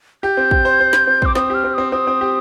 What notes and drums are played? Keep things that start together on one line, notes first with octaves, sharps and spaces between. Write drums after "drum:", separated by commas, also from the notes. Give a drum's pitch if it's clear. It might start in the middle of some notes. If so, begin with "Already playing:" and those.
G4 G6
C4
G4, drum: kick
C5
C5
C5, drum: snare
C4
C4 D6, drum: kick
C4 D#6, drum: snare
G4 F6
C4
C4 D#6
C4 D#6
C4
G4